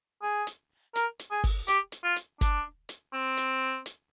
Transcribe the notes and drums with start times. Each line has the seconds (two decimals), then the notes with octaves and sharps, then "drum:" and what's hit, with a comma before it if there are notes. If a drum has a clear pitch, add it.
0.22 G#4
0.47 drum: hi-hat
0.95 A#4, drum: hi-hat
1.19 drum: hi-hat
1.31 G#4
1.44 drum: kick G1, open hi-hat
1.68 G4, drum: hi-hat
1.92 drum: hi-hat
2.04 F4
2.16 drum: hi-hat
2.41 D4, drum: kick G1, hi-hat
2.89 drum: hi-hat
3.13 C4
3.37 drum: hi-hat
3.86 drum: hi-hat